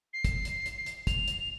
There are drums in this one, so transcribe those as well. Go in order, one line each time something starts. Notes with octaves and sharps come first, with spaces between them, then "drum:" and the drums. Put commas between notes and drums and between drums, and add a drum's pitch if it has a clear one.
C7
drum: kick, hi-hat
drum: hi-hat
drum: hi-hat
drum: hi-hat
F7, drum: kick, hi-hat
drum: hi-hat